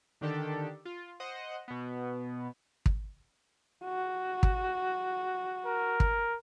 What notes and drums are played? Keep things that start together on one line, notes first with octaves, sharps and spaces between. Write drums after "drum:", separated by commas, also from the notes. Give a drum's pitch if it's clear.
D3 D#3 D4 G4 A4
F4
C5 D#5 F#5
B2 B3
drum: kick
F#4
drum: kick
A#4
drum: kick